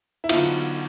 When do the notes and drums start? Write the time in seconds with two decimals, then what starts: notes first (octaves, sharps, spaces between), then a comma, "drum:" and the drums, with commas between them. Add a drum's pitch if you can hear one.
0.24 E4
0.29 D3 F#3 B3 D#4 F4, drum: cymbal